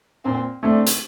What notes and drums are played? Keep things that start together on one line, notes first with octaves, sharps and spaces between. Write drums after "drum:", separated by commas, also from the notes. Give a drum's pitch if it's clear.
A#2 C4
A3 C4 D4
drum: hi-hat